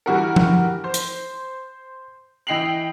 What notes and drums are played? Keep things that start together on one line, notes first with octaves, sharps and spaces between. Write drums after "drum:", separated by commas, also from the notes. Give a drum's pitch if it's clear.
E3 G3 F#4 A#4
drum: tom F3
C5
drum: hi-hat
E3 D#5 G5 C7 F7 F#7